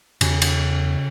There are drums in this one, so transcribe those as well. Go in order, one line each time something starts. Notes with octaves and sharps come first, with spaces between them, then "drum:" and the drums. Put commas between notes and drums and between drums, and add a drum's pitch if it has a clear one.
E2 C#3, drum: cymbal
drum: cymbal